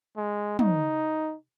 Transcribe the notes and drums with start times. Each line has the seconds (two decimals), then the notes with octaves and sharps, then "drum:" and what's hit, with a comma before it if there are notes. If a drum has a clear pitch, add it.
0.17 G#3
0.59 D#4, drum: tom